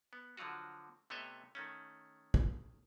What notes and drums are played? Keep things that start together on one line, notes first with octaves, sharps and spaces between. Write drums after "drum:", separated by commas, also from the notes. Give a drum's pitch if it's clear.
B3
D3 F3 F#3 F4 F#4
C3 A3 B3 C#5 D#5 E5
D#3 A3 C#4
drum: kick